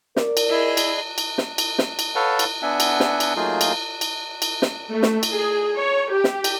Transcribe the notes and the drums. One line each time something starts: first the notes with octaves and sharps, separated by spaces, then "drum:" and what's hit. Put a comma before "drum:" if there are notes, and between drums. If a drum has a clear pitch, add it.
A#4 D5, drum: snare
drum: cymbal
E4 G#4 D#5
drum: cymbal
drum: cymbal
drum: snare
drum: cymbal
drum: snare
drum: cymbal
A4 B4 C#5 F5 F#5 A5
drum: cymbal
B3 D4 E5 F#5 G#5
drum: cymbal
drum: snare
drum: cymbal
F#3 A3 A#3 D#4 F4 G#4
drum: cymbal
drum: cymbal
drum: cymbal
drum: snare
A3
drum: snare
drum: cymbal
G#4
C#5
G4
drum: snare
drum: cymbal